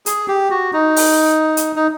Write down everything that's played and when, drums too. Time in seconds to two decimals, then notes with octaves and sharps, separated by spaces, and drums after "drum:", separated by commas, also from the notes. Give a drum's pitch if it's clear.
0.06 G#4, drum: hi-hat
0.28 G4
0.51 F#4
0.73 D#4
0.96 drum: open hi-hat
1.57 drum: hi-hat
1.76 D#4